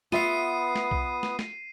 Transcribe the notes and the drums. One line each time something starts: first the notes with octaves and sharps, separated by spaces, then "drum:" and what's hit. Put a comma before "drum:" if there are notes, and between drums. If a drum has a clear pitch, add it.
B3 F4 B4 E5 F#5 D#6 C7 D#7, drum: snare
drum: snare
drum: kick B1
drum: snare
drum: snare